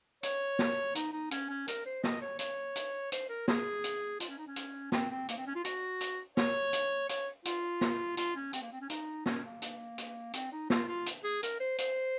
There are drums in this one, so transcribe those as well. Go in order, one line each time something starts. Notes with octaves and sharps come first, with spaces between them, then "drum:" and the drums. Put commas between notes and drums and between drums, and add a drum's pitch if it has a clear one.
C#5, drum: hi-hat
drum: snare
D#4, drum: hi-hat
D#4
C#4, drum: hi-hat
C#4
A#4, drum: hi-hat
C5
D#5, drum: snare
C#5
C#5, drum: hi-hat
drum: hi-hat
C5, drum: hi-hat
A#4
G#4, drum: snare
drum: hi-hat
F4, drum: hi-hat
C#4
D#4
C#4
drum: hi-hat
C4, drum: snare
C4
A#3, drum: hi-hat
C4
C#4
F4
F#4, drum: hi-hat
drum: hi-hat
C#5, drum: snare
drum: hi-hat
C#5, drum: hi-hat
F4, drum: hi-hat
drum: snare
F4, drum: hi-hat
C#4
C4, drum: hi-hat
A#3
C4
C#4
D#4, drum: hi-hat
C#4, drum: snare
A#3
drum: hi-hat
drum: hi-hat
C4, drum: hi-hat
D#4
F4, drum: snare
F4
drum: hi-hat
G#4
A#4, drum: hi-hat
C5
C5, drum: hi-hat